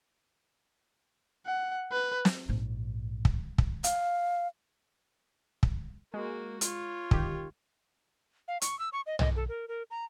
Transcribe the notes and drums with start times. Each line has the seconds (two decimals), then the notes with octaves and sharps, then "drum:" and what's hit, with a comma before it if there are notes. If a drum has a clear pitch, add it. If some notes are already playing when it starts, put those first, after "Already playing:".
1.46 F#5
1.92 B4
2.25 drum: snare
2.49 A#1 G#2
3.25 drum: kick
3.58 drum: kick
3.84 F5, drum: hi-hat
5.63 drum: kick
6.14 G#3 A#3 F#4
6.61 F4 C#5, drum: hi-hat
7.11 D#3 G4, drum: kick
8.48 F5
8.61 C#6, drum: hi-hat
8.79 E6
8.93 C#6
9.07 D#5
9.19 D#5, drum: tom B1
9.36 A4
9.49 A#4
9.68 A#4
9.91 A#5